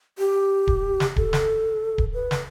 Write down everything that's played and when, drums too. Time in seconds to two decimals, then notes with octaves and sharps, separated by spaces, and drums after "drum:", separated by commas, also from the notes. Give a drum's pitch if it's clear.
0.19 G4
0.67 drum: kick D1
1.00 drum: snare
1.16 A4, drum: kick D1
1.33 drum: snare
1.98 drum: kick D1
2.14 B4
2.31 drum: snare